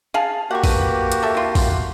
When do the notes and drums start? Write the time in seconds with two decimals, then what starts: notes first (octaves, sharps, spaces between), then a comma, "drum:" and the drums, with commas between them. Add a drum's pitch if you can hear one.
0.14 G#4 F5 A5
0.51 A#3 F#4 G4 F#5 C#6
0.64 B4, drum: kick A#1, open hi-hat
1.12 drum: hi-hat
1.23 A4 E5
1.35 E4 F4
1.55 F4, drum: kick A#1, open hi-hat